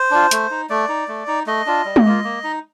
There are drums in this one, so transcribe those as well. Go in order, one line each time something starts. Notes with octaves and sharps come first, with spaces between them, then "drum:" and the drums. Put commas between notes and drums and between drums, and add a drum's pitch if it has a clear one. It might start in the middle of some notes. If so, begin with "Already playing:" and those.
Already playing: C5
D4 F4
A3, drum: hi-hat
D#4
A3 D5
D#4
A3
D#4
A3 D#5
D4 F4
G3
drum: tom G#3
A#3 F4
A#3
D#4